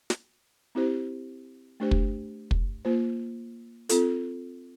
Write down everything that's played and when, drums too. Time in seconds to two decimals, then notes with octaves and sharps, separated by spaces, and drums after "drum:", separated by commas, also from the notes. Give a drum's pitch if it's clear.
0.10 drum: snare
0.75 C4 E4 G4 C5
1.80 A3 D4 G4 C5
1.91 drum: kick
2.51 drum: kick
2.85 A#3 F4 C5
3.89 C4 F4 A4, drum: hi-hat